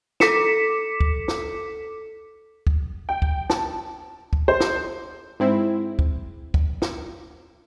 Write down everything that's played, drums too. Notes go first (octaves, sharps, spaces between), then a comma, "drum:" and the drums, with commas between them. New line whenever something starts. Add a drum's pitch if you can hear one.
A4 D6 B6 C#7 E7, drum: snare
drum: kick
drum: snare
drum: kick
G5
drum: kick
A5, drum: snare
drum: kick
C5
drum: snare
G#2 C4 E4
drum: kick
drum: kick
drum: snare